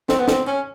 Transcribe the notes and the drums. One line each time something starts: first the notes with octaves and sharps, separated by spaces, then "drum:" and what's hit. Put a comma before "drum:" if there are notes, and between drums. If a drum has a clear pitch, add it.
C4, drum: snare
B3
C4, drum: snare
C#4